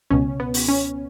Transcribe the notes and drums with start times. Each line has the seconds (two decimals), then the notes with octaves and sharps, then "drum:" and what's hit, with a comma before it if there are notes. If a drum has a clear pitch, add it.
0.11 C#2 B2 C#4
0.40 B3
0.54 drum: open hi-hat
0.68 C#4